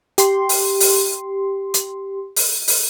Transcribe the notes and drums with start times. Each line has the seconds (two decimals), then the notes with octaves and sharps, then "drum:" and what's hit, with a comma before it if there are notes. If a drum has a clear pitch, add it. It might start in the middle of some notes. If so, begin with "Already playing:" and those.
0.18 G4 C6, drum: hi-hat
0.49 drum: open hi-hat
0.80 drum: open hi-hat
1.74 drum: hi-hat
2.36 drum: open hi-hat
2.68 drum: open hi-hat